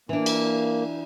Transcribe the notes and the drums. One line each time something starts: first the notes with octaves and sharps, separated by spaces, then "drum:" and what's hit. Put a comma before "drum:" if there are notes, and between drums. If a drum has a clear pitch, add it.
E3 A#3 D4
drum: cymbal